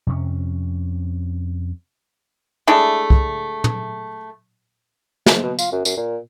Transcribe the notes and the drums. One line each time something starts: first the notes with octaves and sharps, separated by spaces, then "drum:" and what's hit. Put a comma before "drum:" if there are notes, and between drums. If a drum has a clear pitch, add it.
F2 C3 C#4
G#3 A3 D4 E4
drum: kick
drum: tom
G#2, drum: snare
B2
F4, drum: tambourine
F#2
F#2, drum: tambourine
A#2